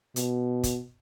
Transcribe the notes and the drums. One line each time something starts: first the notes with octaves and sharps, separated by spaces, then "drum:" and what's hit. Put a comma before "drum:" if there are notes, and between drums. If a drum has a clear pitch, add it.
B2, drum: hi-hat
drum: kick, hi-hat